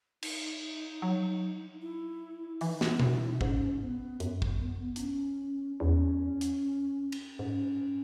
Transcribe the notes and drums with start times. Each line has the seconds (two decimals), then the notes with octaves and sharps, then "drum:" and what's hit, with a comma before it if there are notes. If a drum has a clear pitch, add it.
0.23 D#4, drum: cymbal
1.02 F#3
1.82 E4
2.61 E3 D#4, drum: open hi-hat
2.81 drum: snare
3.00 F#4, drum: tom B2
3.13 E4
3.27 D#4
3.41 G#2 C#4, drum: kick
3.81 B3
4.20 F#2 B3, drum: hi-hat
4.42 drum: kick
4.96 D#4, drum: hi-hat
5.00 C#4
5.80 E2 C#4
6.41 drum: hi-hat
7.12 drum: cymbal
7.39 G#2 C#4